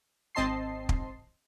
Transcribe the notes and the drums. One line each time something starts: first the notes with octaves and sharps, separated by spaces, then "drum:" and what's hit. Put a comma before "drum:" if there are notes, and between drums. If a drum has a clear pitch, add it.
G#1 C4 D#5 A5 C6 C7
drum: kick